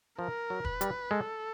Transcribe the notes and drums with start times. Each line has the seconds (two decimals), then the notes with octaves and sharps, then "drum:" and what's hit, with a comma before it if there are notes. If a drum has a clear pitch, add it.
0.19 F3 A#4
0.50 F#3
0.65 B4, drum: kick E1
0.81 G3, drum: hi-hat
1.11 G#3 A4